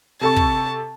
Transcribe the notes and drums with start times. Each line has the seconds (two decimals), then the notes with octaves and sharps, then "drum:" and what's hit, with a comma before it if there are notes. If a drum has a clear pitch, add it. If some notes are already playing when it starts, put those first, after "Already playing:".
0.21 C3 A4 A5 C#6
0.36 drum: kick